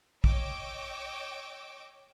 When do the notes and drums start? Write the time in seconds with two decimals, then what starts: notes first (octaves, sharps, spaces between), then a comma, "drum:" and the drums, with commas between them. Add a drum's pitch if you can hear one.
0.24 C#5 D#5 G5 C#6 D6 E6, drum: kick A#1